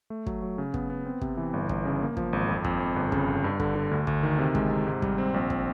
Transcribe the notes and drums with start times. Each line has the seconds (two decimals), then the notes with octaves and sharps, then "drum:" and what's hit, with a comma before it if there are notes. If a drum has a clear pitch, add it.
0.10 A3
0.26 F#3, drum: kick
0.42 F#3
0.58 C#3
0.74 B3, drum: kick
0.90 B3
1.06 C4
1.21 C3, drum: kick
1.37 E3
1.53 G1
1.69 G1, drum: kick
1.85 C#3
2.01 A#3
2.17 F3, drum: kick
2.33 G#1
2.48 F2
2.64 F2, drum: kick
2.80 F2
2.96 G1
3.12 C#3, drum: kick
3.28 G1
3.44 G2
3.60 D3, drum: kick
3.75 D3
3.91 D2
4.07 D2, drum: kick
4.23 D#3
4.39 C3
4.55 G#3, drum: kick
4.70 C3
4.87 G#2
5.02 G3, drum: kick
5.18 C4
5.34 A#1
5.50 drum: kick